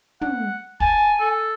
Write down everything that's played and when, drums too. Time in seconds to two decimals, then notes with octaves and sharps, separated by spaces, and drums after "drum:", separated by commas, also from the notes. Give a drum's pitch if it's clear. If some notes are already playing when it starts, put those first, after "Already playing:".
0.21 F#5, drum: tom
0.80 G#5 A5, drum: kick
1.20 A4